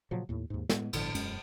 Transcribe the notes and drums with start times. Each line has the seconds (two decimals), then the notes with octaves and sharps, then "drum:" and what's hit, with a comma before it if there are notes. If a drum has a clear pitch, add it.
0.11 A#2 C#3 F3 F#3
0.29 D#2 A2
0.50 D#2 G#2
0.69 A2 G#3 B3, drum: snare
0.93 G1 A2 D3 F3, drum: cymbal
1.15 E1 F#2 G#3 C#4, drum: cymbal